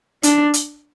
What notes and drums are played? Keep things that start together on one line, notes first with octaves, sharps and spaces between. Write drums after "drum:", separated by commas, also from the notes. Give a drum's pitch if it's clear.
D4, drum: hi-hat
drum: hi-hat